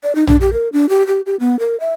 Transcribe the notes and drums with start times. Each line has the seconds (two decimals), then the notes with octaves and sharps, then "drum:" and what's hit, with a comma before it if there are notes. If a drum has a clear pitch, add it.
0.03 D5
0.15 D#4
0.27 D4, drum: tom A#1
0.41 G4
0.53 A#4
0.73 D4
0.89 G4
1.07 G4
1.26 G4
1.40 B3
1.59 A#4
1.80 E5